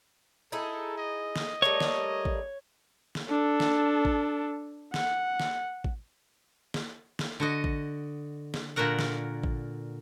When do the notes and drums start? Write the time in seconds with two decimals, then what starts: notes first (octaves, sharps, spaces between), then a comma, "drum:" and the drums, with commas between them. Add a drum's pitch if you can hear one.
0.52 D#4 E4 G#4 A4
0.98 D#5
1.36 drum: snare
1.62 G3 A3 A#3 C#5
1.80 drum: snare
2.25 drum: kick A1
3.15 drum: snare
3.29 D4 A4
3.60 drum: snare
4.05 drum: kick A1
4.94 F#5, drum: snare
5.40 drum: snare
5.84 drum: kick A1
6.74 drum: snare
7.19 drum: snare
7.40 D3 F#4 D#5
7.64 drum: kick A1
8.54 drum: snare
8.76 A#2 D3 F#4 A#4 F#5
8.99 drum: snare
9.44 drum: kick A1